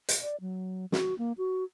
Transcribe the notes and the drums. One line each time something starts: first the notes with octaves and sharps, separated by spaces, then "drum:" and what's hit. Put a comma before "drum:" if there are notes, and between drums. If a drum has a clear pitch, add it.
drum: hi-hat
D5
F#3
F#4, drum: snare
A#3
F#4